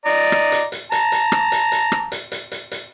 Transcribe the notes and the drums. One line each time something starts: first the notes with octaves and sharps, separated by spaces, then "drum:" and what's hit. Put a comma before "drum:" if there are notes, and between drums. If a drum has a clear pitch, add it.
D5 D#5 A#5
drum: rim click
drum: hi-hat
drum: hi-hat
A5 A#5, drum: hi-hat
drum: hi-hat
drum: rim click
drum: hi-hat
drum: hi-hat
drum: rim click
drum: hi-hat
drum: hi-hat
drum: hi-hat
drum: hi-hat